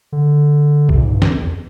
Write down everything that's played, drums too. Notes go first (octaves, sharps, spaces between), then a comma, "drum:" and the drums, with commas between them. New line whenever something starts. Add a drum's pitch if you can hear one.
D3
C3, drum: kick B1
A#2
G#2
G2
F#2, drum: snare
F2
E2